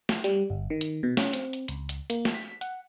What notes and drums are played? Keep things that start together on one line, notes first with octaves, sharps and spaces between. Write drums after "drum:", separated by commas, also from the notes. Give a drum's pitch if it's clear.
drum: snare
G3, drum: hi-hat
G1
D#3
drum: hi-hat
B2
C#4, drum: snare
C4, drum: hi-hat
drum: hi-hat
C#2, drum: hi-hat
drum: hi-hat
A#3, drum: hi-hat
drum: snare
B6
F#5, drum: hi-hat